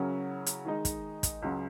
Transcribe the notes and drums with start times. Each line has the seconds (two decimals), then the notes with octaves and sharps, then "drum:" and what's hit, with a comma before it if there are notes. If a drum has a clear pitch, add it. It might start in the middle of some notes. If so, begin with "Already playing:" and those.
Already playing: C#3 F#3 C#4 E4 A#4
0.46 drum: hi-hat
0.65 D#3 G#3 D#4
0.85 drum: kick, hi-hat
1.23 drum: kick, hi-hat
1.42 C#2 C#3 F#3